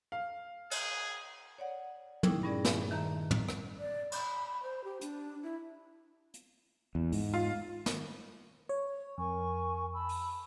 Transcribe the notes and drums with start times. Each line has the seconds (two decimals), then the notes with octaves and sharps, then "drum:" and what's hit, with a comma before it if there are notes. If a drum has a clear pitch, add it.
0.12 F5
0.71 G#4, drum: cymbal
1.58 C#5 D5 F#5
2.23 A#2 A3 D#4 E4 G5 G#6, drum: tom
2.43 G2 G3 C#4 G#4 D5
2.65 drum: snare
2.91 D#3 E5 A5 A#5 G6
3.31 drum: tom
3.49 drum: rim click
3.80 D5
4.12 B5, drum: cymbal
4.63 C5
4.84 G4
5.01 D4, drum: hi-hat
5.43 E4
6.34 drum: hi-hat
6.95 E2
7.12 G#2, drum: open hi-hat
7.34 F4
7.86 drum: snare
8.69 C#5
9.18 F2 A#4 G#5 C#6
9.93 A5 B5 E6
10.09 drum: open hi-hat